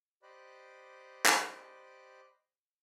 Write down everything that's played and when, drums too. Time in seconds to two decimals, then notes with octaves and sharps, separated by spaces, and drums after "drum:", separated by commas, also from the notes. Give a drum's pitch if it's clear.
0.23 G4 C5 D5 D#5 B5 F#6
1.26 drum: clap